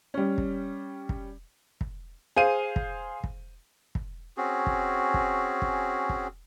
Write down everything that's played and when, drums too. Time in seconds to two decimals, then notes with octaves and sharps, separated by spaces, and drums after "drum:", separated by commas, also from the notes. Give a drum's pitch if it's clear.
0.14 G3 C#4
0.38 drum: kick
1.09 drum: kick
1.81 drum: kick
2.36 G#4 C5 F5 D#7
2.76 drum: kick
3.24 drum: kick
3.95 drum: kick
4.37 C4 C#4 F#4 G#4
4.67 drum: kick
5.14 drum: kick
5.62 drum: kick
6.09 drum: kick